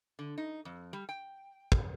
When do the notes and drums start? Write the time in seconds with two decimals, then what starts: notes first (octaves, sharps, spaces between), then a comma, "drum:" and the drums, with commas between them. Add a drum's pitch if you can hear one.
0.19 D3
0.38 D#4
0.65 F2
0.93 G3
1.09 G5
1.72 drum: kick